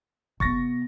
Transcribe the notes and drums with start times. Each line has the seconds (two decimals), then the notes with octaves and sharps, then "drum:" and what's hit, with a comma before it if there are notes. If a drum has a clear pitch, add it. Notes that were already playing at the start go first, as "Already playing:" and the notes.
0.40 C3 B3 C#6 A6 A#6, drum: kick F#1